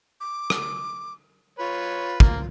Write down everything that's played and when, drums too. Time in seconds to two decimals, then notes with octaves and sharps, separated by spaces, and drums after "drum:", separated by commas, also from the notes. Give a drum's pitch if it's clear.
0.20 D6
0.50 drum: rim click
1.59 F4 B4 C#5
2.20 A#3, drum: kick